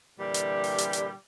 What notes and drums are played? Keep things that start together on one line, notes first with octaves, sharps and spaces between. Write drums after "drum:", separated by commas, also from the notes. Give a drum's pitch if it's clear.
A#2 D3 E3 G3
drum: hi-hat
drum: open hi-hat
drum: hi-hat
drum: hi-hat